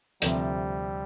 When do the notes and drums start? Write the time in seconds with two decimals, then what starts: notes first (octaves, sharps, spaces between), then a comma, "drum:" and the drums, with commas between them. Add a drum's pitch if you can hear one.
0.22 D2 C3 F3 G3, drum: hi-hat